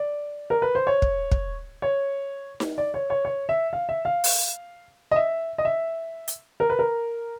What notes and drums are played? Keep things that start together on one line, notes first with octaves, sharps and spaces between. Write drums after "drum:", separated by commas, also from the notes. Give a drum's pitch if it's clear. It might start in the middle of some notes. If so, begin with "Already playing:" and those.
Already playing: D5
A#4
B4
C5
C#5
drum: kick
drum: kick
C#5
drum: snare D#4
D5
C#5
C#5
C#5
E5
F5
E5
F5
drum: open hi-hat
D#5
E5
D#5
E5
drum: hi-hat
A#4
B4
A#4